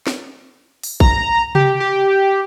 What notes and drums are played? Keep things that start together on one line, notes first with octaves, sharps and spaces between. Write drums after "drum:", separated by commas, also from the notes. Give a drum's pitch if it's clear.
drum: snare
drum: open hi-hat
A#5, drum: kick A1
G4, drum: tom C3
G4